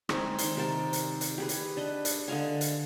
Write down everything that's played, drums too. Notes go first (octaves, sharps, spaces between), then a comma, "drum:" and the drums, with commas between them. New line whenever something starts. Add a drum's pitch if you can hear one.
G#3 C4 D#4 G#4, drum: rim click
D#3 C6, drum: hi-hat
C3 A#4 G5 A5
drum: hi-hat
drum: hi-hat
G4 G#4 B4
drum: hi-hat
D4 B4 D#5
drum: hi-hat
D3 D#5 F5 G#5
drum: hi-hat